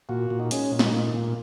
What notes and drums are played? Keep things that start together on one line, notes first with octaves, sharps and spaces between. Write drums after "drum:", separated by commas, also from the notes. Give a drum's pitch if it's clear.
A#2 F#4
A#2
D#4
G#3 C#4, drum: hi-hat
A#2
D#4, drum: snare
A#2
A#2